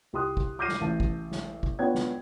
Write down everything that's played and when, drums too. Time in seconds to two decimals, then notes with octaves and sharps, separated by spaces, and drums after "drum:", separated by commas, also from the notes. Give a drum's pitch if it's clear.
0.13 C2 G4 C6 D#6 F#6
0.37 drum: kick
0.59 D6 F6 G6 A#6 C7 D#7
0.68 drum: snare
0.81 A1 A5
1.00 drum: kick
1.32 drum: snare
1.63 drum: kick
1.79 B3 D4 F4 C#5 G5 G#6
1.95 drum: snare